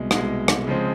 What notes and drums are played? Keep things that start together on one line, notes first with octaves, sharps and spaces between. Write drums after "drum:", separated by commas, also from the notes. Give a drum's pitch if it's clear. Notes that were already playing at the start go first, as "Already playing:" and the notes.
Already playing: C2 B2 G#3
C2 B2 G#3, drum: rim click
drum: rim click
C#3 F3 G#3 C4